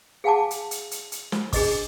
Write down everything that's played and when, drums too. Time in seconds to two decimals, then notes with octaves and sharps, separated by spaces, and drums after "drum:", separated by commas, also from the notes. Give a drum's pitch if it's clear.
0.24 G#4 F5 F#5 G#5 A5 D6
0.51 drum: hi-hat
0.71 drum: hi-hat
0.91 drum: hi-hat
1.12 drum: hi-hat
1.32 drum: snare
1.53 D4 G#4 D#5 D6, drum: kick, open hi-hat